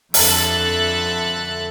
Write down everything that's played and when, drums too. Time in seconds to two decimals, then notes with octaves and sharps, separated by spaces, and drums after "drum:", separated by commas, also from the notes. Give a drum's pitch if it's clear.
0.14 F2 D3 A4 E5 F#6 A6, drum: open hi-hat